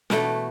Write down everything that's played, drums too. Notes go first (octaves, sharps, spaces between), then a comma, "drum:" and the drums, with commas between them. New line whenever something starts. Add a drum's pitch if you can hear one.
E2 B2 A3, drum: snare